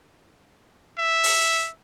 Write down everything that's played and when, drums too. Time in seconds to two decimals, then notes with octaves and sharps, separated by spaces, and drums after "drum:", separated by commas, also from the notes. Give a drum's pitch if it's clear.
0.98 E5
1.23 drum: open hi-hat